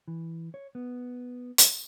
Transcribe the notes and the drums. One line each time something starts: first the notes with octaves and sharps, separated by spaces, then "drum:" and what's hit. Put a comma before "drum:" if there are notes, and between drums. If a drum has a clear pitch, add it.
E3
C#5
B3
drum: hi-hat